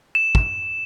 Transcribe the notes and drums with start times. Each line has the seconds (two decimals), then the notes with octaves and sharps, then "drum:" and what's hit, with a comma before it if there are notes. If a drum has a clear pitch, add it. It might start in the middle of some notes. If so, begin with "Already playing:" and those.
0.15 E7
0.35 drum: kick